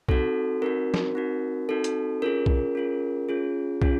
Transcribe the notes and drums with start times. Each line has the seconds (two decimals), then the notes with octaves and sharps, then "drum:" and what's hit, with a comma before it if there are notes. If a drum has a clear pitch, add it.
0.09 C4 D#4 F#4 A4, drum: kick
0.62 C4 D#4 F#4 A#4
0.94 drum: snare
1.15 C4 D#4 F#4
1.69 C4 D#4 F#4 A4
1.84 drum: hi-hat
2.22 C#4 F4 G#4 A#4
2.46 drum: kick
2.75 C#4 F4 G#4
3.29 C#4 F4 G#4
3.82 C#4 F4 G#4, drum: kick